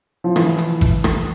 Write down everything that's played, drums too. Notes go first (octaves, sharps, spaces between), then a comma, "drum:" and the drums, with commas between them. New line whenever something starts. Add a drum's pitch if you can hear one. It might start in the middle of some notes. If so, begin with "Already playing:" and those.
F3
E3, drum: rim click
drum: hi-hat
drum: kick, hi-hat
drum: rim click